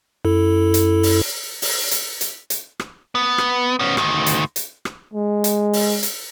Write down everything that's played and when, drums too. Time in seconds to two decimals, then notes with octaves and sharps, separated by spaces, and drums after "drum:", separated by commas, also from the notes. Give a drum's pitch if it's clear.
0.25 F#2 E4 A4
0.74 drum: hi-hat
1.03 drum: open hi-hat
1.62 drum: open hi-hat
1.91 drum: hi-hat
2.21 drum: hi-hat
2.50 drum: hi-hat
2.80 drum: rim click
3.15 B3
3.38 drum: rim click
3.79 B3 C#4
3.97 D2 D#3, drum: rim click
4.26 drum: hi-hat
4.56 drum: hi-hat
4.85 drum: rim click
5.14 G#3
5.44 drum: hi-hat
5.73 drum: open hi-hat
6.03 drum: hi-hat